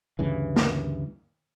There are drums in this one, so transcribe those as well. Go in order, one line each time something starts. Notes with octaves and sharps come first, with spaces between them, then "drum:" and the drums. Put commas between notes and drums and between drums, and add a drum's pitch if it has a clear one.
D2 G2 C#3 E3
drum: snare